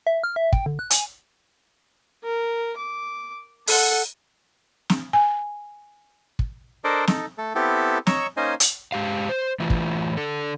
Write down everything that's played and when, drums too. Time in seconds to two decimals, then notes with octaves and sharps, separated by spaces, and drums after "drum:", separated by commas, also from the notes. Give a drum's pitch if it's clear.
0.07 E5
0.24 F6
0.36 E5
0.53 G5, drum: kick
0.66 D3
0.79 F#6
0.90 G#5, drum: hi-hat
2.23 A#4
2.76 D6
3.67 A4 F#5, drum: open hi-hat
4.90 drum: snare
5.13 G#5
6.39 drum: kick
6.84 D4 A4 A#4 C5 D5 D#5
7.07 D#4 A4, drum: snare
7.38 A3 A4
7.55 B3 C4 E4 G4 A4
8.07 C#5 D#5 A#5 C#6 E6, drum: snare
8.37 A#3 C#4 D#4 C5 D#5 G#5
8.60 drum: hi-hat
8.92 G#3 G4 F5
9.29 C5
9.60 E3 A3 F4
9.70 drum: kick
10.17 D3 A4